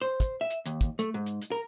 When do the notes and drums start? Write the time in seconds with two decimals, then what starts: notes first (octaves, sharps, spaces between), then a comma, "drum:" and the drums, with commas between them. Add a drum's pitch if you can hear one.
0.02 C5
0.20 drum: kick, hi-hat
0.41 E5
0.50 drum: hi-hat
0.66 D#2, drum: hi-hat
0.81 drum: kick, hi-hat
0.99 A3, drum: hi-hat
1.14 G#2
1.26 drum: hi-hat
1.42 drum: hi-hat
1.52 A#4